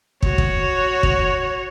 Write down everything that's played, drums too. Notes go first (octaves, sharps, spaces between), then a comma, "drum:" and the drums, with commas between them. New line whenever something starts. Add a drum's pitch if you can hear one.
F#4 C#5, drum: kick
drum: kick
drum: kick